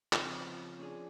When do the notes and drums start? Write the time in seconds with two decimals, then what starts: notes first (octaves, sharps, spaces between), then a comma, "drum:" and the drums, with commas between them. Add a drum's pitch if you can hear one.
0.13 C#3 F3 C4 F6, drum: clap
0.79 C#4 D4 G#4